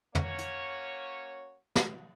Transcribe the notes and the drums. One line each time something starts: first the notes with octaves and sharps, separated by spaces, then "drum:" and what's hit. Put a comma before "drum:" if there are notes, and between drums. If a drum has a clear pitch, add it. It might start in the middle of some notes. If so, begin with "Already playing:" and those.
A#3 C#4 F#4 C#5, drum: tom
drum: hi-hat
drum: snare